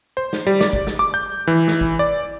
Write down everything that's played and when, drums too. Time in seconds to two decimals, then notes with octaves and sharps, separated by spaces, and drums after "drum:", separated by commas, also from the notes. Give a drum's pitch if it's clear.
0.17 C5
0.33 drum: snare
0.47 G3
0.61 D5, drum: snare
0.73 drum: kick G#1
0.87 drum: snare
0.99 D6
1.14 G6
1.47 E3
1.68 drum: snare
1.81 drum: kick G#1
1.99 D5